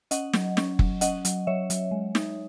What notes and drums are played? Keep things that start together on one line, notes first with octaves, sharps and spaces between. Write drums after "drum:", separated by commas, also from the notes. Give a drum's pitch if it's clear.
C#4 D#5 F#5, drum: hi-hat
F#3, drum: snare
C#4, drum: snare
F#3, drum: kick F#1
C#4 D#5 F#5, drum: hi-hat
F#3, drum: hi-hat
F#3 C#5 E5
F#3, drum: hi-hat
G#3
D#4, drum: snare